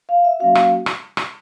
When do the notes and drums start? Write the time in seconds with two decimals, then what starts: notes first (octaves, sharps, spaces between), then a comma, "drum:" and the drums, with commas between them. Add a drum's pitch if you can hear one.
0.09 F5
0.25 E5
0.40 F#3 A#3 C#4 F#4 F5
0.55 drum: rim click
0.86 drum: rim click
1.17 drum: rim click